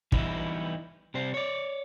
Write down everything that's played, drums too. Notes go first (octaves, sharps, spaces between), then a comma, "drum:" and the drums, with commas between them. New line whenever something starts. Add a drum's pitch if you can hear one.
E3 G3 B3 D#4 E4, drum: kick
C3 G3 C5
C#5 D5